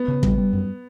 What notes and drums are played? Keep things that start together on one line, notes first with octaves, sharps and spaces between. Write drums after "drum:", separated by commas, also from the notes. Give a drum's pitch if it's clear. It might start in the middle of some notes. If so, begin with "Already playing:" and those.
Already playing: B3
C#3
G3, drum: kick
G3
F#2